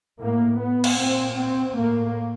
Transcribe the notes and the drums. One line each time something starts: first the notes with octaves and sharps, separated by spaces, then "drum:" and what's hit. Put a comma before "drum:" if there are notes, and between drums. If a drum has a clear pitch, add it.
A2 A#3
B3
drum: cymbal
A#2 C4
C4
A2 A#3